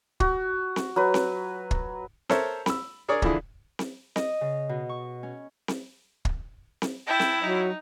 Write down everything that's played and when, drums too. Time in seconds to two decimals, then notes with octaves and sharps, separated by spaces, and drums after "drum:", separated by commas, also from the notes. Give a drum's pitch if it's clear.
0.20 F#4, drum: kick
0.76 drum: snare C4
0.96 F#3 B4
1.14 drum: snare C4
1.71 drum: kick
2.29 A4 A#4 C5 C#5 E5, drum: snare C4
2.66 B5 E6, drum: snare C4
3.08 D4 G#4 A#4 C#5 D5
3.22 D3 E3 F3 D4 E4 G#4, drum: kick
3.79 drum: snare C4
4.16 D#5, drum: snare C4
4.41 C#3
4.69 B2
4.89 C#6
5.23 C#4
5.68 drum: snare C4
6.25 drum: kick
6.82 drum: snare C4
7.07 E4 G5 A5
7.20 drum: snare C4
7.41 F#3 D#4